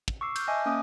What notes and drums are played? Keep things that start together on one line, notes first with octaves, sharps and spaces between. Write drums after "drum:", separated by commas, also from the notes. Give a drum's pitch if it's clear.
drum: kick
C#6 D6 E6 C7
F6 G6, drum: cymbal
D#5 E5 G#5 A5 D6
A#3 C#4 D6 D#6